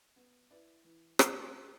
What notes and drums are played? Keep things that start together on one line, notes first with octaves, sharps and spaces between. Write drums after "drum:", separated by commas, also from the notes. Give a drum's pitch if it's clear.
B3
E4 B4 D5
E3
drum: rim click